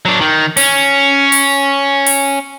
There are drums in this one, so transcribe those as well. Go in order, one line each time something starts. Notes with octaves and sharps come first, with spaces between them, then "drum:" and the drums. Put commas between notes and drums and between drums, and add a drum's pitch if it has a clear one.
F#3 D4
D#3
C#4, drum: open hi-hat
drum: open hi-hat
drum: open hi-hat